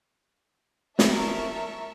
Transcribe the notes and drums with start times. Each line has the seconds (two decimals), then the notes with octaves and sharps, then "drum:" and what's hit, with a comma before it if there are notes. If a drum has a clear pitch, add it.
0.99 A#4 E5 A5 C#6, drum: snare